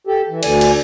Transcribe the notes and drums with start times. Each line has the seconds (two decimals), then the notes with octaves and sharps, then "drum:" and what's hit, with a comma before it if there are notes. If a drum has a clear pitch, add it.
0.07 G4 A4
0.29 E3
0.43 D2 D3 D5 G#5, drum: cymbal
0.61 drum: cymbal